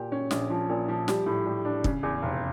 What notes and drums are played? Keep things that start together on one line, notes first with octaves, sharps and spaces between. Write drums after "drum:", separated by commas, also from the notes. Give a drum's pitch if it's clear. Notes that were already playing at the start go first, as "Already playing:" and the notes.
Already playing: A#2 G4
C#4
A#1, drum: snare
F3
A#2
F3
G3, drum: snare
A2
G3
D4
C#3, drum: kick
E2
F1